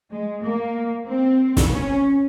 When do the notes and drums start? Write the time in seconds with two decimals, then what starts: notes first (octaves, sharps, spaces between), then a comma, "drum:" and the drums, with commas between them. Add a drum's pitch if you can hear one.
0.11 G#3
0.43 A#3
1.08 C4
1.57 drum: snare
1.73 C#4